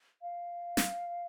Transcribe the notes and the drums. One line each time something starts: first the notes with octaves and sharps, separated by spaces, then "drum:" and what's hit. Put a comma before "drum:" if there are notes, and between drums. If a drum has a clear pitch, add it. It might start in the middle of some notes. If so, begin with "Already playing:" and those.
F5
drum: snare